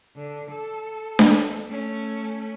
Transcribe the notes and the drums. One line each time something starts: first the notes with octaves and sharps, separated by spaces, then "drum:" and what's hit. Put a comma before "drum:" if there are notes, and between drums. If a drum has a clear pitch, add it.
D3
A4
drum: snare D4
A3 C#4